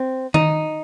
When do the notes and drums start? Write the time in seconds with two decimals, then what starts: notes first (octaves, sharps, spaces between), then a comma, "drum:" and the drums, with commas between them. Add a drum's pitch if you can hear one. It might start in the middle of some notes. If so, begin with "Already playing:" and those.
Already playing: C4
0.34 D#4, drum: tom D#3